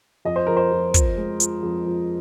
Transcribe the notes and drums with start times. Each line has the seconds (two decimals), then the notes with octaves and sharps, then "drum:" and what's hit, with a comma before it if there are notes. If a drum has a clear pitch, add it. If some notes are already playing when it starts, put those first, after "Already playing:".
0.25 F2 D#5
0.36 C5
0.47 F2 A#4
0.57 C5
0.72 F2
0.94 F3, drum: kick, hi-hat
1.17 G#3
1.40 F3, drum: hi-hat
1.63 F2
1.86 F3